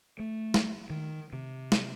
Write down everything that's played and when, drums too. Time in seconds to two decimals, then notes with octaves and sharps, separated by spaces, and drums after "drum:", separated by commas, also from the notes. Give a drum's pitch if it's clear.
0.19 A3
0.54 drum: snare
0.90 D#3
1.33 C3
1.72 drum: snare